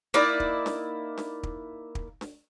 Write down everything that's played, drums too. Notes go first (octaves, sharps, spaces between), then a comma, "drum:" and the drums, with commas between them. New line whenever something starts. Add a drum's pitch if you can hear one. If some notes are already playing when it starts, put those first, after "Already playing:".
A#3 D#4 E4 D5
drum: kick
drum: snare D4
drum: snare D4
drum: kick
drum: kick
drum: snare D4